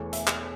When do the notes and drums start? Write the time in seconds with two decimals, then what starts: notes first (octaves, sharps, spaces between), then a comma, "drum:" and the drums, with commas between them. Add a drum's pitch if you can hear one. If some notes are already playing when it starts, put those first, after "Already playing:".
Already playing: E1 E2 E3 A3 C#5
0.13 E5, drum: hi-hat
0.27 drum: clap